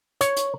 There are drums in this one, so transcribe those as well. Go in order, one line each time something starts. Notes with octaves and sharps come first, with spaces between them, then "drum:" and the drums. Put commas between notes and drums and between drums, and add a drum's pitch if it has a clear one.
C#5, drum: hi-hat
drum: hi-hat